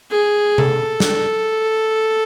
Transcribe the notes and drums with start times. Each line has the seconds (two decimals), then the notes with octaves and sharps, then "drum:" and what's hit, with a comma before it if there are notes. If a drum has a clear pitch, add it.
0.11 G#4
0.58 A4, drum: tom C3
1.00 drum: snare